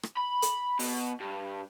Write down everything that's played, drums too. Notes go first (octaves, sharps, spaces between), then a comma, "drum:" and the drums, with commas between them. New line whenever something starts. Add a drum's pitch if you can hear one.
drum: rim click
B5
drum: hi-hat
B2, drum: open hi-hat
G2